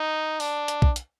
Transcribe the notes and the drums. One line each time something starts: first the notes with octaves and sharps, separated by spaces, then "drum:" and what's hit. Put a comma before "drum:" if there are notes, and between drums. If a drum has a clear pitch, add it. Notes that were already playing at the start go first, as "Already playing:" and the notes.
Already playing: D#4
D4, drum: open hi-hat
drum: hi-hat
drum: kick
drum: hi-hat